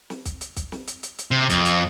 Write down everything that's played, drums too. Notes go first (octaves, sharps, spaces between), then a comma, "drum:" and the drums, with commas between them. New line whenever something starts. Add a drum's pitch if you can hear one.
drum: snare
drum: kick, hi-hat
drum: hi-hat
drum: kick, hi-hat
drum: snare
drum: hi-hat
drum: hi-hat
drum: hi-hat
C3
F2, drum: kick, hi-hat
drum: hi-hat